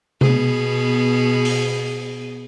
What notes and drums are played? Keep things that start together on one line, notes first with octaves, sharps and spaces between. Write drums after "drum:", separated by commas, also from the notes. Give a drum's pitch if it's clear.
B2 B3 G#4, drum: tom C3
drum: open hi-hat